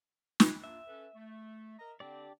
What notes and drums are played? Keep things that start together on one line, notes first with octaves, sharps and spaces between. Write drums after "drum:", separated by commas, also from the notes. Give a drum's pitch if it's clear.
drum: snare
A#3 D4 F4 E5
C#4 A4 B4
A3
A#4 D#5 A#5
D3 C4 D4 G4 D5